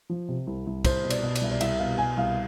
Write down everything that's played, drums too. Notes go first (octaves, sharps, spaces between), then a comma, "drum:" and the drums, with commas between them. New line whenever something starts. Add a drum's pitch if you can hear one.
F3
C3
C2
C2
C2 C5, drum: kick, cymbal
B2
D5, drum: cymbal
B2
D5, drum: cymbal
C2 E5
D5
C2 E5, drum: cymbal
B2 F5
B2 G#5
C2 F5